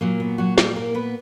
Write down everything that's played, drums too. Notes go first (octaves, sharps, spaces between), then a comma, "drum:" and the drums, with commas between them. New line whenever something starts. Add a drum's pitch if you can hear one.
A#2 F#3 A#3
B3
F#3 F#4
G3 G4, drum: snare
A#3 A#4
B3 B4